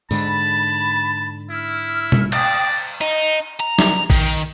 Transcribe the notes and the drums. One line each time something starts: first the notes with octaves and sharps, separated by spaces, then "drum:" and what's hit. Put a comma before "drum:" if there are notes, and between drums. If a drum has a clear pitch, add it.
G#2 D3 G#3 A5 B5, drum: tambourine
E4 E6 F6
drum: tom B2
D5 G5 D#6, drum: cymbal
D#4
A#5
drum: snare
D#3, drum: kick